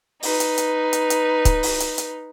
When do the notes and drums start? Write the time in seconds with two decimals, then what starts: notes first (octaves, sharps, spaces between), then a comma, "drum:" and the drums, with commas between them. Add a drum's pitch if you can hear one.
0.23 D#4 B4, drum: open hi-hat
0.40 drum: hi-hat
0.58 drum: hi-hat
0.93 drum: hi-hat
1.10 drum: hi-hat
1.45 drum: kick C#1, hi-hat
1.63 drum: open hi-hat
1.80 drum: hi-hat
1.98 drum: hi-hat